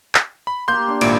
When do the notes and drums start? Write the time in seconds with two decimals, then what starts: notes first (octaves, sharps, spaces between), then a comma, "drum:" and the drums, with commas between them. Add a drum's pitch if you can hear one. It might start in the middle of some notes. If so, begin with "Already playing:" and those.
0.15 drum: clap
0.47 B5
0.68 A#3 G4 C6 G6
0.88 D4
1.01 G#1 A#2 E4 D7, drum: cymbal